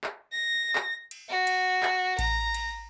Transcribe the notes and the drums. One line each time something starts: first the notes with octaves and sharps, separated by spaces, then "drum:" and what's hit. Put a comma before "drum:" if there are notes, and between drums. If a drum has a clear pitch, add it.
drum: clap
A#6
drum: clap
drum: cymbal
F#4
drum: cymbal
drum: clap
A#5, drum: kick A1, cymbal
drum: cymbal